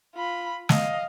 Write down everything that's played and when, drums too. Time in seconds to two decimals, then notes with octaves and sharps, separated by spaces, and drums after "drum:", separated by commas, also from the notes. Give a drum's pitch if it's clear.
0.15 F4 B5
0.69 D#5 F5, drum: snare